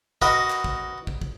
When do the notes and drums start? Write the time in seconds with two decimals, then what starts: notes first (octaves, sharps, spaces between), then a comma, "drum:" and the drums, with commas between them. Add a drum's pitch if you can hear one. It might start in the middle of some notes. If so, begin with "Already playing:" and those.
0.22 F#4 A#4 B4 D#5, drum: kick
0.50 drum: clap
0.64 drum: kick
1.07 drum: kick
1.21 drum: kick